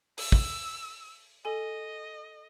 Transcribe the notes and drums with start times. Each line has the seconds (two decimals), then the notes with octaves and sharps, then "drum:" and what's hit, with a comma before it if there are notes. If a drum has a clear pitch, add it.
0.18 E6, drum: open hi-hat
0.32 drum: kick
1.45 A4 D#5 G#5